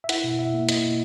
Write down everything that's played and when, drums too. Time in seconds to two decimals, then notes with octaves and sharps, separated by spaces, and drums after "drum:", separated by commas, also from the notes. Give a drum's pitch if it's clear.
0.04 E5
0.09 E4 F#5, drum: hi-hat
0.24 B2
0.39 B2 E5
0.54 A#3
0.69 E4 D#5, drum: hi-hat
0.84 B2